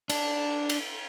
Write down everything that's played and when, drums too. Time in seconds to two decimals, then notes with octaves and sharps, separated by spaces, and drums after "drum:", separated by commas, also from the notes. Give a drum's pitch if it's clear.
0.10 D4, drum: cymbal
0.69 drum: cymbal